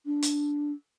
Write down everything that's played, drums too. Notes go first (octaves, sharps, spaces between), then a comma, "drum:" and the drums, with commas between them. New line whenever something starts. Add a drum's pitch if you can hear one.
D4
drum: hi-hat